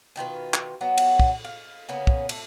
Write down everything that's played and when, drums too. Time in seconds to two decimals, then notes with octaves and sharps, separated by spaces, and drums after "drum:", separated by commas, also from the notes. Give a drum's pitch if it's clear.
0.16 B2 D#3 F4 B4
0.54 drum: clap
0.81 F#3 B3 F#4
0.98 drum: cymbal
1.20 drum: kick
1.44 F5
1.89 C#3 A#3 B3 C#4
2.07 drum: kick
2.29 A3, drum: cymbal